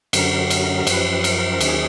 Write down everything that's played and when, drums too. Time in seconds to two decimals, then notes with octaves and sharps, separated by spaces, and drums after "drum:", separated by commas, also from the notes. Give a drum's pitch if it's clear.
0.13 F#2 D3 F#3 A#4, drum: cymbal
0.50 A#4, drum: cymbal
0.87 F#2 F3 B4, drum: cymbal
1.13 B4
1.24 A#4, drum: cymbal
1.61 D#2 D#3 F#3 G#4, drum: cymbal